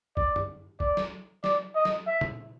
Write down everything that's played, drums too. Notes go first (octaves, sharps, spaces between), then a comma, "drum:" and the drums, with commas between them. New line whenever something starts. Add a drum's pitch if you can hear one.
D5, drum: kick
drum: tom F#2
D5, drum: kick
drum: snare
D5, drum: snare
D#5
drum: snare
E5
drum: tom